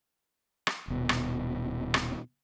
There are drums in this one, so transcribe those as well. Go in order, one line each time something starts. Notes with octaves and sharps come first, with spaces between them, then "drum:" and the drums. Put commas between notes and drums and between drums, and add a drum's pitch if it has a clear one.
drum: rim click
D#1 B2
drum: rim click
drum: rim click